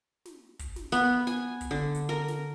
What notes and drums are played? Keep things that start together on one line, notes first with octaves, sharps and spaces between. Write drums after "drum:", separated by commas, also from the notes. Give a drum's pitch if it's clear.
drum: snare
drum: kick, hi-hat
drum: snare
B3, drum: hi-hat
G#5, drum: snare
drum: kick, hi-hat
D3
drum: hi-hat
A#4
drum: snare